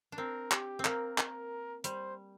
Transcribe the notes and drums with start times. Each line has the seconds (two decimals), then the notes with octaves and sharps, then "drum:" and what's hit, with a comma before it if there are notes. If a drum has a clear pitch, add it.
0.12 D4
0.18 C4 A#4
0.51 G4, drum: clap
0.79 C4
0.85 A#3 A#4, drum: clap
1.18 A#4, drum: clap
1.84 G3 C5, drum: hi-hat